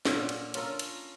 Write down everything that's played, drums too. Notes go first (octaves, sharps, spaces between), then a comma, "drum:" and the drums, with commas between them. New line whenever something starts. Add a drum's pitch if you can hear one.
A#2 D3 C#4 F5, drum: snare
drum: cymbal
C#4 F4 A4 A#4, drum: cymbal
drum: cymbal